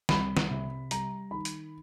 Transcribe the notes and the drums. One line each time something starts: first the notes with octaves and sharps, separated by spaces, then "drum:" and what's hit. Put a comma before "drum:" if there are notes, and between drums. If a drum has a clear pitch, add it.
C2 B5, drum: snare
drum: snare
C3
G3 A#5, drum: hi-hat
D#3 B5
drum: hi-hat